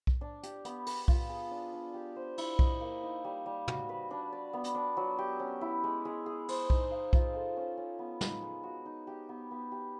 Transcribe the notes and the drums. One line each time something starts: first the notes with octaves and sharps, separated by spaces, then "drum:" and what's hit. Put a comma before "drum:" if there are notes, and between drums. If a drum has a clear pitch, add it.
drum: kick B1
D4
G4, drum: hi-hat
B3, drum: hi-hat
B4, drum: open hi-hat
F4, drum: kick B1
G#4
D4
D4
G4
C5
E4, drum: cymbal
D#5, drum: kick B1
A#3
D#4
G3
G3
F#4, drum: tom
B4
D4
D5
B3
drum: hi-hat
D4
F#3
G4
C#4
E4
G#3
G#3
G#4
C5, drum: cymbal
D#4, drum: kick B1
F5
F4, drum: kick B1
A4
C#4
C#4
B3
D#4, drum: snare
G#3
F#4
D#4
G4
B3
B3
G4